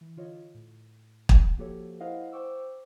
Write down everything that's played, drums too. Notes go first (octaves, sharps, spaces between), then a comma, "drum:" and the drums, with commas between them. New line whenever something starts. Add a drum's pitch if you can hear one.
E3
D3 F4 C#5 D#5
A2
drum: kick
F3 A#3 F#4 G4 A4 C#5
E4 A#4 C5 D#5 F5 F#5
C5 G5 C#6 D6 E6